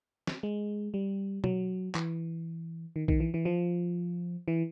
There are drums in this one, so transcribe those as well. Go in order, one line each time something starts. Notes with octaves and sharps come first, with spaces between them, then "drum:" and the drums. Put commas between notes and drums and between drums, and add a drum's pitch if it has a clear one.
drum: snare
G#3
G3
F#3, drum: tom
E3, drum: clap
D#3
D#3, drum: kick A#1
E3
E3
F3
E3